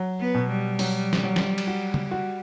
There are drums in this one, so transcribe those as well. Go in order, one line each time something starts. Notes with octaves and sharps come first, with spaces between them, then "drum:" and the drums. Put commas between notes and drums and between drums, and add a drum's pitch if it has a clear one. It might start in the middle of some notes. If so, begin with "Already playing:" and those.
Already playing: F#3
B3
B2
G3
F#3, drum: open hi-hat
drum: snare
F#3
drum: snare
drum: cymbal
F#4
drum: tom C#3
F#4